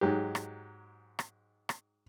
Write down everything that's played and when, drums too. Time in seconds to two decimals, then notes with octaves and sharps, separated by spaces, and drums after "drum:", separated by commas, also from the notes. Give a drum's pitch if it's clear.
0.01 G#2 F#3 G#3 G4
0.35 drum: rim click
1.19 drum: rim click
1.69 drum: rim click